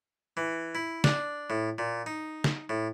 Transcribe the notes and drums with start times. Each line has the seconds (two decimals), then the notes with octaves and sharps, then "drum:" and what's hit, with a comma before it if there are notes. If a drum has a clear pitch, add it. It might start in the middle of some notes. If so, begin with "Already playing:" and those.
0.37 E3
0.75 E4
1.04 D4, drum: snare
1.50 A2
1.78 A#2
2.06 D#4
2.44 drum: snare
2.69 A2